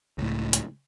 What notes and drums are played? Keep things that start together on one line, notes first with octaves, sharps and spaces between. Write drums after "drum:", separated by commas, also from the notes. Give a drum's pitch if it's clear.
C#2 A2
drum: hi-hat